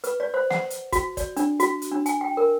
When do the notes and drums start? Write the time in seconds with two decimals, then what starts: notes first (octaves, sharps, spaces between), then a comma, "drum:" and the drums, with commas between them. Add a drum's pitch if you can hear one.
0.04 B4, drum: hi-hat
0.20 D5
0.34 C5
0.50 F#5, drum: snare
0.70 drum: hi-hat
0.92 F#4, drum: kick, hi-hat
1.17 D5, drum: kick, hi-hat
1.37 D4, drum: hi-hat
1.60 F#4, drum: hi-hat
1.82 drum: hi-hat
1.92 D4
2.06 G#5, drum: hi-hat
2.21 G5
2.37 A#4